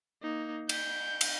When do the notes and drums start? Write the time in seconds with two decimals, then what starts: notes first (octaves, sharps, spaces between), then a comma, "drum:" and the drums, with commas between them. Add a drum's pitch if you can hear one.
0.22 A#3 D#4
0.69 G6, drum: cymbal
1.21 drum: cymbal